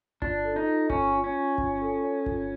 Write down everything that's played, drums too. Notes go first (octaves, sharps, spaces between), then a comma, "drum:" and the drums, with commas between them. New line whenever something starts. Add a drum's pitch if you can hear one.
D4 F4, drum: kick G1
A4
D#4
F4
C#4 F4, drum: kick G1
F4
C#4
F4
F4, drum: kick G1
A4
C#5
F4, drum: kick G1